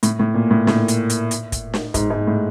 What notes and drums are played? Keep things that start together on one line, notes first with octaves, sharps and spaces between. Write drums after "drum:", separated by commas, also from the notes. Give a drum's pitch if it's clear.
A2, drum: hi-hat
A2
A#2
A2
A2, drum: snare
drum: hi-hat
drum: hi-hat
drum: hi-hat
drum: kick, hi-hat
drum: snare
G#2, drum: kick, hi-hat
G#2
A2